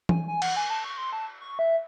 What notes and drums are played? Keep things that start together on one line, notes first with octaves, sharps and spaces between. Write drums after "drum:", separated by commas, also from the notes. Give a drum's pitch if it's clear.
G#5, drum: tom E3
G#5
F#5, drum: cymbal
G#5
A5
C#6
C6
A5
C#6
E5